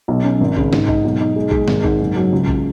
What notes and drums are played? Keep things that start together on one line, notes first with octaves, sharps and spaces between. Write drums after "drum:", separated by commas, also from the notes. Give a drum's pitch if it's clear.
B1
C#4
G#1
C#3, drum: kick A#1
G#2, drum: snare
D#4, drum: kick A#1
B1
D#4
G#3
G#3, drum: kick A#1
G#1, drum: snare
G#2, drum: kick A#1
F#1
F#3
C#2
drum: kick A#1